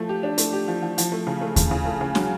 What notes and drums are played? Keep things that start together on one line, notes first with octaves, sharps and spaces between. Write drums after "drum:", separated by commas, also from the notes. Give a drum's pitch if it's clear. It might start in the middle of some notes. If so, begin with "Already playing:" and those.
Already playing: F3 A3
G4
D4
A3, drum: hi-hat
G4
F3
F3
F3, drum: hi-hat
A3
C#3
A3
C#3, drum: kick D#2, hi-hat
C#3
A3
C#3
F#3, drum: snare